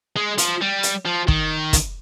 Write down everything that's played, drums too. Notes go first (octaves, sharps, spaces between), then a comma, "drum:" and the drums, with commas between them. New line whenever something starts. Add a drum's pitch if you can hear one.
G#3
F3, drum: hi-hat
G3
drum: hi-hat
F3
D#3, drum: kick
drum: kick, hi-hat